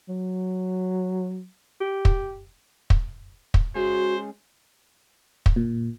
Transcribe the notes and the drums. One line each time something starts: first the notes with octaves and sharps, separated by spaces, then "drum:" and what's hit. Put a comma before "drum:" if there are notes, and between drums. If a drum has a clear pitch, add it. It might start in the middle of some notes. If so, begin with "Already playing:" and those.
F#3
G4
drum: kick
drum: kick
drum: kick
G#3 C#4 F#4 G#4 C5
drum: kick
A#2